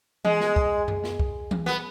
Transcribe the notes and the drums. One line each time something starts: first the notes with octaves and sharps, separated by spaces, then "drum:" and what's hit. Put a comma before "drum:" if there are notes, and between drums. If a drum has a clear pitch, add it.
G#3, drum: tom E3
drum: snare
drum: kick
drum: tom F#2
drum: snare
drum: kick
drum: tom E3
B3, drum: snare